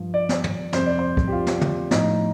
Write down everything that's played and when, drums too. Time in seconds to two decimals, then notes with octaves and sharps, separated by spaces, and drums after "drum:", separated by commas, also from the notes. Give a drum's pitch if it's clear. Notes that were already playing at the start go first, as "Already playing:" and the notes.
Already playing: G2 F3
0.14 D5
0.29 drum: snare
0.44 drum: tom
0.73 F2 C3 G3 C5, drum: snare
0.86 D5
0.99 C5
1.17 drum: kick
1.28 G4
1.32 F4
1.47 drum: snare
1.61 drum: tom
1.91 A2 F3 D#4, drum: snare